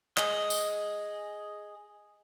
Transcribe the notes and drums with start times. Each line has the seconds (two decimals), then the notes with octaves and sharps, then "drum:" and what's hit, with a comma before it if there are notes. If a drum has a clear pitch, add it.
0.17 G#4 D#5, drum: clap
0.50 drum: tambourine